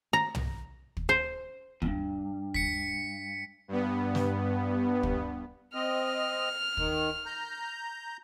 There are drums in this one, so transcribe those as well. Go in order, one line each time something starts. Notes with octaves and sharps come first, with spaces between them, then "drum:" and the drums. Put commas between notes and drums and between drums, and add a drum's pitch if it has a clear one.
A#5
drum: tom
drum: kick
C5
E2 G2, drum: kick
B6 C#7, drum: kick
G2 B3
drum: snare
drum: kick
C4 D#5 F6
D#3, drum: kick
A#5 G6